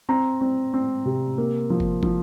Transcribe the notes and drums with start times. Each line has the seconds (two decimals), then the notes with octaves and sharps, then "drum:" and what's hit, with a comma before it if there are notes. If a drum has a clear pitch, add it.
0.09 C4 A#5
0.41 C4
0.74 C4
1.06 C3
1.38 A#3
1.70 F3
1.80 drum: kick
2.03 F3, drum: kick